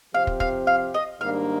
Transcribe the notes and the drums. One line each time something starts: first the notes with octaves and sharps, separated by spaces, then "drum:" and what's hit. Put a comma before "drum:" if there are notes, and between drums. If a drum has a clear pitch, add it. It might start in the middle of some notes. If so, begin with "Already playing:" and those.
C3 F3 C4 G4 C5 F5
drum: kick
F5, drum: kick
F5
D#5
G#2 D#3 G3 A#3 D4 F5